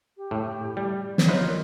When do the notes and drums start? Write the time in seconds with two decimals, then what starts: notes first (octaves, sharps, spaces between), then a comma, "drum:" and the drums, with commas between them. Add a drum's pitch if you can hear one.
0.17 G4
0.31 A2
0.77 G3
1.18 drum: snare
1.28 D#4 F4 B4 C#5
1.47 A#4